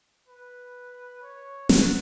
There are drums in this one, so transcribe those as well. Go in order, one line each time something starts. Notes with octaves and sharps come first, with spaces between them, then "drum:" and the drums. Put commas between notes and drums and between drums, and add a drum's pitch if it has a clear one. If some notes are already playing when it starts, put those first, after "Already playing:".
B4
C#5
F#5, drum: snare